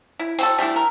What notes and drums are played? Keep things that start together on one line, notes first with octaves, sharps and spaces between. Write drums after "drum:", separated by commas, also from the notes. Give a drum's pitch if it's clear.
E4
C4 F#4 A4, drum: open hi-hat
G3 A3 D4 E4
A#4